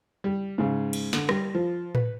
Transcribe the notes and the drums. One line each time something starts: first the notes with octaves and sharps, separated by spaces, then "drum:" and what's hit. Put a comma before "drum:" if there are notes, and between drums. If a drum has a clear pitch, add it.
G3
G#2 C#3
drum: cymbal
D3, drum: snare
G3, drum: rim click
F3
B4, drum: tom A2